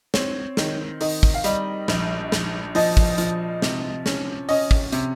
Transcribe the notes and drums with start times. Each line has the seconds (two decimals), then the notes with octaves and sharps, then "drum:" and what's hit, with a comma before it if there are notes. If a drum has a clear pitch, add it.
0.14 C4 C#5, drum: snare
0.57 D#3, drum: snare
1.01 D#3 D#5, drum: open hi-hat
1.23 drum: kick
1.34 F5
1.44 G3 D#5, drum: hi-hat
1.88 A#1, drum: snare
2.32 A#1, drum: snare
2.75 F3 D#5, drum: open hi-hat
2.97 drum: kick
3.18 F3, drum: hi-hat
3.62 C3, drum: snare
4.06 C#4, drum: snare
4.49 C#4 D#5, drum: open hi-hat
4.71 drum: kick
4.92 C3, drum: hi-hat